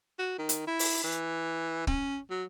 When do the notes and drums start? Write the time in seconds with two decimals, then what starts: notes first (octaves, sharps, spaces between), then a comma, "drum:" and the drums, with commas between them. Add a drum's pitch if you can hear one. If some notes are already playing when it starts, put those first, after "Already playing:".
0.19 F#4
0.38 D#3
0.49 drum: hi-hat
0.67 E4
0.79 drum: open hi-hat
1.04 E3
1.87 C#4, drum: kick
2.30 F#3